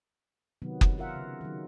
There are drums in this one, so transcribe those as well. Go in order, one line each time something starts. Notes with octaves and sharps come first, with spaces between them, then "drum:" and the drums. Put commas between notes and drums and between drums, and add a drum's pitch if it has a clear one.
C3 D#3 F#3 B3
drum: kick F#1
F4 A#4 E5 F#5
C#3
D#3 F#3